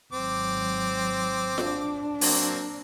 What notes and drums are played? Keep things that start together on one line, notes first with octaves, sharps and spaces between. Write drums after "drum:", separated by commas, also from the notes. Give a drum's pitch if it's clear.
G#1 F#3 C4 D6
D4, drum: snare F4
F#3 A#3 C4, drum: open hi-hat